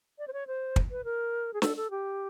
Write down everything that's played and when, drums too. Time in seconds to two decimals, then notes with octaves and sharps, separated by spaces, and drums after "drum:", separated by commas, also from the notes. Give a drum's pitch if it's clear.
0.19 D5
0.28 C5
0.33 C#5
0.47 C5
0.76 drum: kick
0.91 B4
1.04 A#4
1.54 G#4
1.62 A4, drum: snare
1.77 A4
1.91 G4